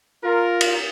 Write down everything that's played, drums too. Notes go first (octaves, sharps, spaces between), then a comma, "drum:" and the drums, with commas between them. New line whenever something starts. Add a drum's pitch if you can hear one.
F4 A#4
drum: cymbal